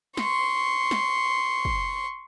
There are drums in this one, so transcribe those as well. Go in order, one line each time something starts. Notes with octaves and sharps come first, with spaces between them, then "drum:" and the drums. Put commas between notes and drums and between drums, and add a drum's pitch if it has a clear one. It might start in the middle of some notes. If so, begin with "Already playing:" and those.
C6 C#6, drum: snare
drum: snare
drum: kick